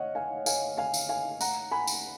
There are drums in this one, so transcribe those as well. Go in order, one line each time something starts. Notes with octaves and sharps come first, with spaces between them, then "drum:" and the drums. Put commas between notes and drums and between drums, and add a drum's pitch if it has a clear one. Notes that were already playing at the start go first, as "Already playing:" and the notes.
Already playing: C#5 D#5 F5 F#5
F5 G#5
F5 G#5, drum: tambourine
F5 G#5
drum: tambourine
F5 G#5
F#5 A#5, drum: tambourine
G#5 B5
drum: tambourine